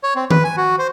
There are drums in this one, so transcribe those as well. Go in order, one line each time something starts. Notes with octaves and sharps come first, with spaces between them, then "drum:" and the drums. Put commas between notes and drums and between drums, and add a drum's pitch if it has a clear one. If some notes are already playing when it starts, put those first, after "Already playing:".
C#5
C4
B4, drum: tom D#3
G#5
F#4
C5